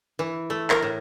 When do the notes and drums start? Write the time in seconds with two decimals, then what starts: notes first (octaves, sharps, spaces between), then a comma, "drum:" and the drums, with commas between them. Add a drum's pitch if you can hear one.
0.19 E3
0.50 A3
0.70 A#4, drum: clap
0.82 A2